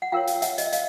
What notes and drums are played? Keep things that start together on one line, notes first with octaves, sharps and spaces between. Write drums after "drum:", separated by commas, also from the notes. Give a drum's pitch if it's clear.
F#5
F4 A#4 C#5 F5 G5
drum: hi-hat
E5 F#5, drum: hi-hat
D#5, drum: hi-hat
E5
D#5 F5, drum: hi-hat